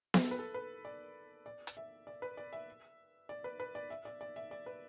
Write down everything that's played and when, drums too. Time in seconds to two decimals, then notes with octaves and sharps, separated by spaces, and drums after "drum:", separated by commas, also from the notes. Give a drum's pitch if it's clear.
0.14 drum: snare B3
0.24 A4
0.31 B4
0.39 A4
0.54 B4
0.85 D5
1.46 D5
1.67 drum: hi-hat
1.77 E5
2.07 D5
2.22 B4
2.37 D5
2.53 E5
3.29 D5
3.44 B4
3.60 B4
3.75 D5
3.90 E5
4.05 D5
4.21 D5
4.36 E5
4.51 D5
4.66 B4